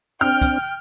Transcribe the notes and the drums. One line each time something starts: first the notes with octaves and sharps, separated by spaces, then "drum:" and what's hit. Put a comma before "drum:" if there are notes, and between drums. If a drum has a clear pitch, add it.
C4 D4 G5 F6
drum: kick, hi-hat